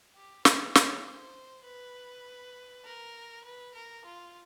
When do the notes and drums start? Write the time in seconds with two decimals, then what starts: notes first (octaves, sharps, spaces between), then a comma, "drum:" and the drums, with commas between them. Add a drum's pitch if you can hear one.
0.15 G4
0.45 B4, drum: snare
0.75 C#5, drum: snare
1.06 C5
1.65 B4
2.85 A#4
3.44 B4
3.74 A#4
4.05 F4